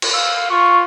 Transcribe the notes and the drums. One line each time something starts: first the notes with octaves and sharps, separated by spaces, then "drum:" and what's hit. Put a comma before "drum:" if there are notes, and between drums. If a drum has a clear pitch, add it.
drum: cymbal
F5 E6
F4 C#6